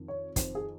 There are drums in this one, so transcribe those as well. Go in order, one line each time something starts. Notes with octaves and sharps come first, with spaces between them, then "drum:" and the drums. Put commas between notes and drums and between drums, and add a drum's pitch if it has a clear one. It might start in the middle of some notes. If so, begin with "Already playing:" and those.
Already playing: F2 D#3
C#5
F2 D#3 C5, drum: kick, hi-hat
G#4